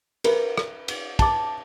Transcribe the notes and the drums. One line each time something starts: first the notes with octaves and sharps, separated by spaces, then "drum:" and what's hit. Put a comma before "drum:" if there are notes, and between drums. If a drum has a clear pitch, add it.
A#4 B4, drum: cymbal
drum: rim click
drum: cymbal
A5 D6, drum: kick, cymbal